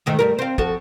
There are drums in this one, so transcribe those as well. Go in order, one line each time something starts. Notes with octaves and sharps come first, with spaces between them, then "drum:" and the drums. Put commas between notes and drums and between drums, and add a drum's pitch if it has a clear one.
G#2 D#3 A3
G2 G3 A#4
C4 F5
F3 F#4 A4, drum: kick